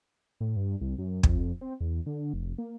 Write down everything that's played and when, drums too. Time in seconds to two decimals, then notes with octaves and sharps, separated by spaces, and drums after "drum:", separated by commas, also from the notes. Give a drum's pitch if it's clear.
0.40 A2
0.56 G2
0.81 C2
0.98 F#2
1.23 F2, drum: kick
1.61 C4
1.80 E2
2.06 D3
2.34 F1
2.58 A#3